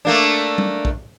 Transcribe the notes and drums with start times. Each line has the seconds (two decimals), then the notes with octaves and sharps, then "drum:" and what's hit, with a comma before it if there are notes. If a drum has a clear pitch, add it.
0.05 A3 A#3 D4
0.58 drum: tom G3
0.85 drum: kick